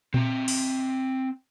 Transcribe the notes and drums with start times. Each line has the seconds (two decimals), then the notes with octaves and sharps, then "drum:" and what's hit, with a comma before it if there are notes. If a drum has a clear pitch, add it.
0.14 C4 A#5, drum: tom A#2
0.48 drum: open hi-hat